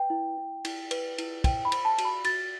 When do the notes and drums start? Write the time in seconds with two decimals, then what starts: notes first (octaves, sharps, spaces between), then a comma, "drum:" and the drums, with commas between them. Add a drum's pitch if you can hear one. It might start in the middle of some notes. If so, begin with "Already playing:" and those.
Already playing: B4 G5
0.10 E4
0.37 E4
0.65 E4, drum: cymbal
0.91 B4, drum: cymbal
1.18 E4, drum: cymbal
1.44 C5 G5, drum: kick, cymbal
1.65 B5
1.72 C5, drum: cymbal
1.85 A5
1.98 F#4, drum: cymbal
2.05 B5
2.24 F#4 A6, drum: cymbal